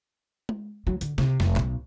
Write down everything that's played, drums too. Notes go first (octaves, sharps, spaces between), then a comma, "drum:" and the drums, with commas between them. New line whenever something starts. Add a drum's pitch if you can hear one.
drum: tom G#3
F#3
D3, drum: hi-hat
C3, drum: snare
F1, drum: snare
B1, drum: clap